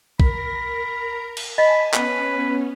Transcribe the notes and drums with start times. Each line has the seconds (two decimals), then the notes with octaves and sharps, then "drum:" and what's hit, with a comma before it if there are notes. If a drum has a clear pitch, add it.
0.20 A#4 A#5 B5, drum: kick B1
1.37 drum: cymbal
1.58 D#5 G#5 A5 B5
1.93 B3 C#4 B4, drum: clap